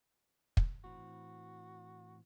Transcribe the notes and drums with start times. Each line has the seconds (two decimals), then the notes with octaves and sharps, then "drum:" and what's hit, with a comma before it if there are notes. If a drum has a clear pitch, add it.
0.57 drum: kick
0.84 A2 E3 C4 F#4